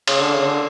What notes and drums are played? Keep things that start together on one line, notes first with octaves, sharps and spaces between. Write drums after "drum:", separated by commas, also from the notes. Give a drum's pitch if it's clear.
C#3, drum: cymbal
D3
C#3
D3